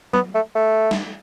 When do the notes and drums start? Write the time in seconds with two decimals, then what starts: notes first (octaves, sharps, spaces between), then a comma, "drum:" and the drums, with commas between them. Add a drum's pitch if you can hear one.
0.14 B3, drum: tom F#3
0.34 A3
0.55 A3
0.91 drum: snare